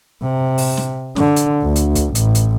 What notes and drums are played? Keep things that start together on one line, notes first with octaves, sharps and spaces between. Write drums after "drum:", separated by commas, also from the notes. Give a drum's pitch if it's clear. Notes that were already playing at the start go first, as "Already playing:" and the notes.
C3
drum: open hi-hat
drum: snare
D3, drum: snare
drum: hi-hat
D2
drum: hi-hat
drum: kick, hi-hat
A1, drum: hi-hat
drum: hi-hat